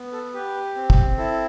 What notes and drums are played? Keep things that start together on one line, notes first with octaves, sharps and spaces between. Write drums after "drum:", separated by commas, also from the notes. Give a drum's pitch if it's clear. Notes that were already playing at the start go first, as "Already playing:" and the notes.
Already playing: B3
A4
G4 B4
C4
drum: kick
E4 A4